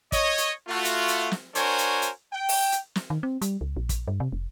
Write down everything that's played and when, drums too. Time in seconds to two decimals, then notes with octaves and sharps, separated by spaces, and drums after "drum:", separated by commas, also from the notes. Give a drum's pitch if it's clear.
0.12 C#5 D#5, drum: kick, hi-hat
0.38 drum: hi-hat
0.68 A3 F4 F#4
0.85 drum: hi-hat
1.08 drum: hi-hat
1.31 drum: snare
1.55 D4 F#4 A#4 C5 C#5 G#5, drum: hi-hat
1.78 drum: hi-hat
2.02 drum: hi-hat
2.33 G5
2.49 drum: open hi-hat
2.72 drum: hi-hat
2.96 drum: snare
3.10 D#3
3.23 C4
3.42 G3, drum: hi-hat
3.61 C#2
3.77 A#1
3.89 drum: kick, hi-hat
4.08 G2
4.20 C3
4.32 F1